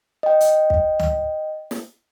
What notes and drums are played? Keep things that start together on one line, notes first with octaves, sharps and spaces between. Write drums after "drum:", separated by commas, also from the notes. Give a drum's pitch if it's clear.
D#5 G5
drum: hi-hat
drum: kick
drum: tom C#2
drum: snare